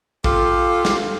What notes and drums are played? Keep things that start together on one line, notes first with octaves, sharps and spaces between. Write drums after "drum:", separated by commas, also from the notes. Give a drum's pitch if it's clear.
F4 G4 A4, drum: kick A1
drum: snare